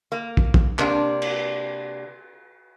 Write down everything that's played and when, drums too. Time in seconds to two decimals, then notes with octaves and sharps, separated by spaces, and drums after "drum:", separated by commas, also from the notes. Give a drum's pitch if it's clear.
0.12 A#3
0.37 drum: kick
0.54 drum: kick
0.79 C3 A#3 D4, drum: clap
1.22 drum: cymbal